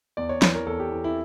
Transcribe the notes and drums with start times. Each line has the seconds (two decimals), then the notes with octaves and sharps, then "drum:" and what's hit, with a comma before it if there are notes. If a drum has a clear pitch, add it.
0.17 E2 D5
0.29 C#5
0.42 E3 C#5, drum: snare
0.54 A#4
0.66 E2 A4
0.80 G4
0.92 E3
1.04 E4